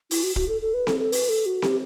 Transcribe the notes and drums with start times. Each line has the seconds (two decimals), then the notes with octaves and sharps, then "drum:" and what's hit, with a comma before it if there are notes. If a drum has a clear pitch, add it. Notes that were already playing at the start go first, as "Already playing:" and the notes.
0.11 E4, drum: open hi-hat
0.23 F#4
0.36 F#4, drum: kick
0.49 A4
0.62 A4
0.74 B4
0.87 A4, drum: snare C4
0.99 A4
1.12 B4, drum: open hi-hat
1.29 A4
1.46 F#4
1.62 G4, drum: snare C4